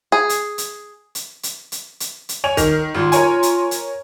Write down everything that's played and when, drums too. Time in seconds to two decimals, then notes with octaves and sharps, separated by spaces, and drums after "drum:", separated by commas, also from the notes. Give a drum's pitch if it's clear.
0.12 G#4
0.29 drum: hi-hat
0.58 drum: hi-hat
1.15 drum: hi-hat
1.43 drum: hi-hat
1.72 drum: hi-hat
2.00 drum: hi-hat
2.29 drum: hi-hat
2.44 C#5 G#5 F7
2.57 D#3 A#4, drum: kick, hi-hat
2.95 G#1 F4
3.12 A#4 C#5 G#5, drum: hi-hat
3.43 drum: hi-hat
3.71 drum: hi-hat